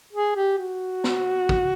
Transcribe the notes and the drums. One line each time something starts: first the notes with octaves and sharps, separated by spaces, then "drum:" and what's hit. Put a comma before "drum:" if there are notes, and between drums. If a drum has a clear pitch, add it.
G#4
G4
F#4
drum: snare
drum: kick